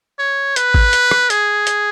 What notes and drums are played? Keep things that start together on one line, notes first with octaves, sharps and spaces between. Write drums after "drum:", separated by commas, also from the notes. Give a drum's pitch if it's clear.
C#5
B4, drum: hi-hat
drum: kick G#1
drum: hi-hat
drum: rim click
G#4, drum: hi-hat
drum: hi-hat